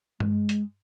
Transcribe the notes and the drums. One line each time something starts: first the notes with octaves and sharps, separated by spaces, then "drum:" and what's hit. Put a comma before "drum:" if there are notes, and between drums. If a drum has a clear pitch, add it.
G#3, drum: tom G2
drum: hi-hat